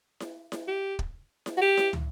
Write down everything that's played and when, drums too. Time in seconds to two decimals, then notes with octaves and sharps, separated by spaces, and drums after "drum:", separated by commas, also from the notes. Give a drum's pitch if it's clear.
0.20 drum: snare E4
0.52 drum: snare E4
0.68 G4
0.99 drum: kick
1.46 drum: snare E4
1.57 F#4
1.62 G4
1.77 drum: snare E4
1.93 drum: tom